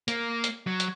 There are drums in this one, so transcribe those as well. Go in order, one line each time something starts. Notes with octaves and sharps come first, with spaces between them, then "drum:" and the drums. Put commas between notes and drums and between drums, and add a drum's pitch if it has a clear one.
A#3, drum: hi-hat
drum: hi-hat
F#3
drum: hi-hat